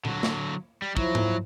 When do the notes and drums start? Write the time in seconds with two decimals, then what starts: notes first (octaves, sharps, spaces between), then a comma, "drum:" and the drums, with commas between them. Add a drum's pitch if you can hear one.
0.05 D3 F#3, drum: tom A#2
0.23 drum: snare
0.82 G3
0.97 F3 F#3 E4, drum: kick
1.15 drum: tom G#2